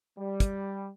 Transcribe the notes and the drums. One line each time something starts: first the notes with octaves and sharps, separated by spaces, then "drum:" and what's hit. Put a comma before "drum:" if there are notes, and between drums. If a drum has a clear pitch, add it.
G3
drum: kick, hi-hat